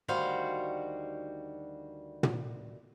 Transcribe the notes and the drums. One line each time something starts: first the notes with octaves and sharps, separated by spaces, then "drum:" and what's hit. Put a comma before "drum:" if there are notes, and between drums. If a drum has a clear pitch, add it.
D2 D#3 G3 F#4 C5 F5
drum: tom